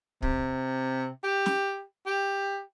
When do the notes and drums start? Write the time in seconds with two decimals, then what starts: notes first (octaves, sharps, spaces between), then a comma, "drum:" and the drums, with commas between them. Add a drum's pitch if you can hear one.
0.22 C3, drum: kick
1.24 G4
1.46 drum: snare
2.06 G4